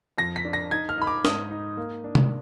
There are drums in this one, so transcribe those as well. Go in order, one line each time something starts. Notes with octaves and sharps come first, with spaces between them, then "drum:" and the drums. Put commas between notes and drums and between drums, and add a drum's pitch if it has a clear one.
F2 A#6
B6
D4
A#6
D#4 G#6
F6
D#4 B5
D6
G#2 D#6, drum: snare
D#4
A#3
D4
drum: tom C3